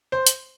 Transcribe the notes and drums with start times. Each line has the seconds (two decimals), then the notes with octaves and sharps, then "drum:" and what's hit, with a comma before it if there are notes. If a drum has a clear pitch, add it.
0.12 C5
0.27 drum: hi-hat